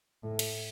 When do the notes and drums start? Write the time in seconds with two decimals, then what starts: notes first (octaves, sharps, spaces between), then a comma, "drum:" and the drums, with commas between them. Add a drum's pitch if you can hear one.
0.23 A2
0.39 drum: cymbal